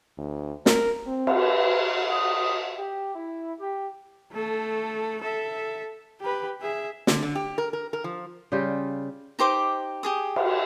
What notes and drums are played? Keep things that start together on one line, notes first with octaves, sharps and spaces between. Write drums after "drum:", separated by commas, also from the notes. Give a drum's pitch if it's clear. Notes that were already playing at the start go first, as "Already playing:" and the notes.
D2
A#4, drum: snare
C4
drum: cymbal
B4
D#6
G4
E4
G4
A3 A4
A4 E5
G4 B4
G#4 E5
D3, drum: snare
D3
G4
A#4
A#4
A#4
F3
C#3 G3 F4 G4
D#4 G4 C5 D6
G4 G#4 D#6
drum: cymbal